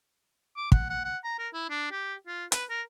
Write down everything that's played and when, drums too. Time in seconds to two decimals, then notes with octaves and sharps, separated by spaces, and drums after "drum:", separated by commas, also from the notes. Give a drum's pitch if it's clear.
0.57 D6
0.72 F#5, drum: kick
0.90 F#5
1.05 F#5
1.24 A#5
1.39 A#4
1.53 E4
1.70 D4
1.91 G4
2.27 F4
2.52 B4, drum: hi-hat
2.70 A#4